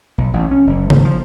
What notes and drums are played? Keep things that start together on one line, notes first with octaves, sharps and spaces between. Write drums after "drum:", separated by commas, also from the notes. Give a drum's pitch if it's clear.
B1
A1
C#4
F#1
G#1, drum: tom C#3
F3